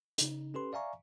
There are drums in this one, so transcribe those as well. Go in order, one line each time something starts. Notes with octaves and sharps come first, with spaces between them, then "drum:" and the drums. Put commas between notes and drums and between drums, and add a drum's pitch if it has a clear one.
C#3 D#4, drum: hi-hat
C#4 G4 A4 B4 C6
D5 E5 F5 G#5 A#5 C#6